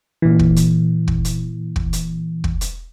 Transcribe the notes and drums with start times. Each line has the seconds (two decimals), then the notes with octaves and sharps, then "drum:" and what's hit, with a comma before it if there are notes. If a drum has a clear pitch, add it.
0.22 A#2 E3
0.39 drum: kick
0.56 drum: hi-hat
1.08 drum: kick
1.25 drum: hi-hat
1.76 drum: kick
1.93 drum: hi-hat
2.44 drum: kick
2.61 drum: hi-hat